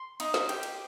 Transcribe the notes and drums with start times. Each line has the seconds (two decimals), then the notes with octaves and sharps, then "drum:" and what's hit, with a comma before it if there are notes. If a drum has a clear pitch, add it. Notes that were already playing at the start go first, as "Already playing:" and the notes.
Already playing: C6
0.20 D#4, drum: cymbal
0.34 drum: snare
0.49 G4, drum: cymbal
0.63 drum: cymbal